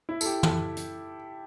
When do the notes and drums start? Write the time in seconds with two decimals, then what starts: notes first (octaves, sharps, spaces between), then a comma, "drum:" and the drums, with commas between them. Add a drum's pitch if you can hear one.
0.09 E4
0.21 A4, drum: tambourine
0.26 G4
0.43 A4, drum: tom
0.77 drum: hi-hat